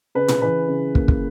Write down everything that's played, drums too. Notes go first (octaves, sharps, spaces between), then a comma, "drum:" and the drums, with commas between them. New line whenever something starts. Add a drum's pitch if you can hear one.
C#3 B4
drum: tom
E3 B4
C#3
A#3, drum: kick
drum: kick